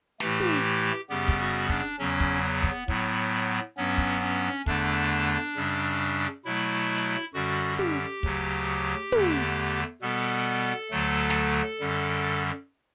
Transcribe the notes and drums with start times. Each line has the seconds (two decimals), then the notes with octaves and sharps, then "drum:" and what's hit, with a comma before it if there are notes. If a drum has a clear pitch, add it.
0.20 A2 E3 A3 G4, drum: snare
0.40 drum: tom
1.10 F#2 C#3 G3 B3 G4
1.28 drum: kick
1.39 F#4
1.69 D4, drum: kick
1.99 E2 C#3 F#3 C#4
2.20 drum: kick
2.44 B3
2.63 drum: kick
2.88 A2 F#3 B3, drum: kick
3.37 drum: hi-hat
3.77 G2 F#3 B3 C#4
3.98 drum: kick
4.22 C#4
4.66 E2 D3 A3 D4, drum: kick
5.56 F#2 C#3 G3
6.45 B2 F#3 A3 E4
6.97 drum: hi-hat
7.34 F#2 D3 G3 F#4
7.79 G4, drum: tom
8.23 D2 C#3 F#3, drum: kick
9.12 E2 D3 A3, drum: tom
10.01 B2 G3 B3 A4
10.91 D2 D3 F#3 A3
11.30 drum: snare
11.80 F#2 D3 G3